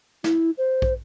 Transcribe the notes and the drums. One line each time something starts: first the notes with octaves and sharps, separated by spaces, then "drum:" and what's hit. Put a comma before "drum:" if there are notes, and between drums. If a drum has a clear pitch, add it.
E4, drum: snare
C5
drum: kick